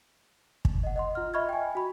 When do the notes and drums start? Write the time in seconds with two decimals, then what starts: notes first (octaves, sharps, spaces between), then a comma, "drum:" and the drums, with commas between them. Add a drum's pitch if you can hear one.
0.65 drum: kick
0.83 D#5 F#5
0.96 D#5 F#5 C6
1.15 F4 F6
1.34 D#5 E5 B5 C#6 F6 G#6
1.49 G5 G#5
1.75 F#4 B5